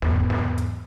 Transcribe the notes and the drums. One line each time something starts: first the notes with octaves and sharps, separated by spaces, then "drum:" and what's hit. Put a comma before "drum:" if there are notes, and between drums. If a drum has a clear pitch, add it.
E2 G#2, drum: snare
drum: snare
drum: hi-hat